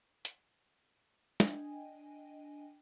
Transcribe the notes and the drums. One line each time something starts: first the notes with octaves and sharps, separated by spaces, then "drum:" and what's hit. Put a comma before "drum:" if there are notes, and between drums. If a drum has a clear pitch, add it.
drum: hi-hat
D4 D#5 G5 G#5, drum: snare